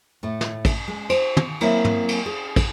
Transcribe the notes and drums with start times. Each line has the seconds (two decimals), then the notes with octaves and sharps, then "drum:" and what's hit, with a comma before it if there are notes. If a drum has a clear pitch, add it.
0.23 A2 A3
0.41 drum: snare
0.65 drum: kick, cymbal
0.88 G#3
1.10 C5, drum: cymbal
1.37 drum: tom
1.61 F#3 A#3 C4 E4 C#5 E5, drum: cymbal
1.85 drum: tom
2.08 drum: cymbal
2.26 G#4
2.56 drum: kick, cymbal